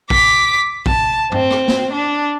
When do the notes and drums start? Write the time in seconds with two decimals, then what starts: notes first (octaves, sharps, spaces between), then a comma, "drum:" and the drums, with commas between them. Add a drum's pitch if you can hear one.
0.10 D6 B6, drum: kick A#1
0.86 A5, drum: kick A#1
1.32 C4, drum: tom G2
1.51 drum: rim click
1.68 drum: snare
1.92 D4